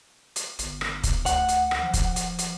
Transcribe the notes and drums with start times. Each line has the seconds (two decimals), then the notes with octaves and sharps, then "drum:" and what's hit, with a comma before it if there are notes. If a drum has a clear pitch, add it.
0.36 drum: hi-hat
0.59 G1, drum: hi-hat
0.81 drum: rim click
1.04 drum: kick, hi-hat
1.26 D2 F#5, drum: hi-hat
1.49 drum: hi-hat
1.71 drum: rim click
1.83 F3
1.94 drum: kick, hi-hat
2.16 drum: hi-hat
2.39 drum: hi-hat